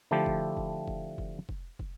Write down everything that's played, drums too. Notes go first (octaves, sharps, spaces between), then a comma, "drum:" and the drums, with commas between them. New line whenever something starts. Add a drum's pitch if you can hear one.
D3 F3 A3 E4 G4
drum: kick
drum: kick
drum: kick
drum: kick
drum: kick
drum: kick